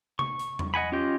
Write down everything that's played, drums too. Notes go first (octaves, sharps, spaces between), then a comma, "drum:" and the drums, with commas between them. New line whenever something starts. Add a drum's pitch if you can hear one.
C#6, drum: tom C3
drum: hi-hat
drum: tom E2
D#5 F#5 G#5 B5
C#4 F4 G4 D#5 G5